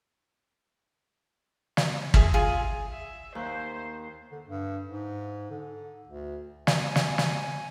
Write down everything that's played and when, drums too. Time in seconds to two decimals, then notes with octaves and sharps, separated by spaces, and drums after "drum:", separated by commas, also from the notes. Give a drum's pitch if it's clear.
1.77 drum: snare
2.14 G#4 E5, drum: kick
2.34 F4 G#4
2.92 E5
3.35 D#2 C5
4.31 D3
4.46 G2
4.89 G#2
5.50 D3
6.07 D2
6.67 G#5, drum: snare
6.96 drum: snare
7.18 drum: snare